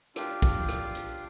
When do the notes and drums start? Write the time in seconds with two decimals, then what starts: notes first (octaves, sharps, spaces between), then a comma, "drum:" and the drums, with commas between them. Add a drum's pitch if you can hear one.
0.16 D4 F4 G4 D6, drum: rim click
0.42 drum: kick, hi-hat
0.69 drum: rim click
0.95 drum: hi-hat